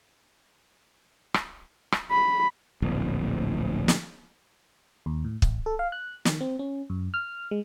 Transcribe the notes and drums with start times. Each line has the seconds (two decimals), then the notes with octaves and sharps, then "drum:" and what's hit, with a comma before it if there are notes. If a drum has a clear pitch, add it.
1.34 drum: rim click
1.92 drum: rim click
2.11 B5
2.82 D1 A#1
3.88 drum: snare
5.06 D#2
5.24 A2
5.42 A1, drum: kick
5.66 A4
5.79 F5
5.92 F#6
6.25 D#3, drum: snare
6.41 C4
6.59 C#4
6.90 F#2
7.14 F6
7.51 G#3